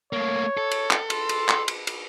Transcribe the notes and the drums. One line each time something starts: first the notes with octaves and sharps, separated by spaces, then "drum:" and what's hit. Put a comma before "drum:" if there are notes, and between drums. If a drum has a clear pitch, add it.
A3 A#3 C#5
A4
drum: cymbal
drum: clap
C6, drum: cymbal
drum: cymbal
drum: clap
drum: cymbal
drum: cymbal